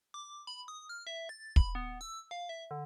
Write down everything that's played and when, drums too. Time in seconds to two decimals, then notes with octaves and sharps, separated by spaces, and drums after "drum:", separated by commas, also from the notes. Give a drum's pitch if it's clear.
0.14 D6
0.47 B5
0.68 D#6
0.89 F6
1.07 E5
1.29 A6
1.56 B5, drum: kick
1.75 B3
2.01 E6
2.31 F5
2.49 E5
2.71 D3